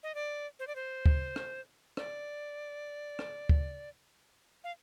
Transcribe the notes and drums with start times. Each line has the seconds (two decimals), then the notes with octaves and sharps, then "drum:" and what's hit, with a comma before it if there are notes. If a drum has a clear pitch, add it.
0.03 D#5
0.15 D5
0.59 C5
0.67 D5
0.75 C5
1.06 drum: kick
1.36 drum: rim click
1.97 D5, drum: rim click
3.19 drum: rim click
3.49 drum: kick
4.64 F5